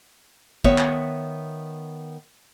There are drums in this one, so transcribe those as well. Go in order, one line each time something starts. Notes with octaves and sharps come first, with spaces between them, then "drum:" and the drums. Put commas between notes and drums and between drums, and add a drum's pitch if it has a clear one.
D#3 B3 C#5 E5, drum: kick
drum: clap